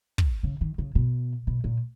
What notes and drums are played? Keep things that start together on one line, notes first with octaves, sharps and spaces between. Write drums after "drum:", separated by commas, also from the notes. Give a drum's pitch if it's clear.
drum: kick
C#3
D#3
C#3
B2
B2
A#2